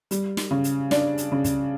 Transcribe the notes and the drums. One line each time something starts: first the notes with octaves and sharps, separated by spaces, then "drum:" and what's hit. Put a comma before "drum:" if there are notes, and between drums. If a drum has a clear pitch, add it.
G3, drum: hi-hat
drum: snare
C#3
drum: hi-hat
D4, drum: snare
drum: hi-hat
C#3
drum: kick, hi-hat